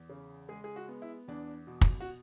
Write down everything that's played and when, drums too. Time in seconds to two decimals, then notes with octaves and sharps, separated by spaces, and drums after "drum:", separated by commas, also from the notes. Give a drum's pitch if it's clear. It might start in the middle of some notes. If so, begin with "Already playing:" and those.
Already playing: E2
0.09 C#3
0.49 G#3 G#4
0.64 G#4
0.76 F#4
0.88 B3
1.02 E4
1.28 E2 D4
1.67 B2
1.81 drum: kick
2.00 F#4